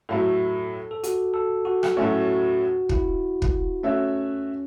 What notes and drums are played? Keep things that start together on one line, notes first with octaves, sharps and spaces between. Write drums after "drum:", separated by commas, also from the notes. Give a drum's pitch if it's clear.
A2 F#3 A3 A4
A4
F#4, drum: hi-hat
A4
F#4
drum: rim click
A2 F#3 A3 C#4 F#4
E4, drum: kick
drum: kick
A3 C#4 F#4 C#5 E5